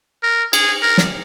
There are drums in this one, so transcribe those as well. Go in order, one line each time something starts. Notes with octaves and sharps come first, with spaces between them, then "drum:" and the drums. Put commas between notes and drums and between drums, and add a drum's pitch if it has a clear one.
A#4
G#4, drum: cymbal
A#4
drum: snare